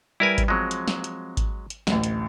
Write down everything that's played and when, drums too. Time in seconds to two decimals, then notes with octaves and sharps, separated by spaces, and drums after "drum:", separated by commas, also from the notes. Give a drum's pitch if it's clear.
0.20 G3 E4 A#4 B4 G#5
0.38 drum: kick G#1, hi-hat
0.48 F3 F#3 G#3 C4
0.71 drum: hi-hat
0.88 drum: snare
1.04 drum: hi-hat
1.37 drum: kick G#1, hi-hat
1.70 drum: hi-hat
1.87 A1 D2, drum: snare
2.03 drum: hi-hat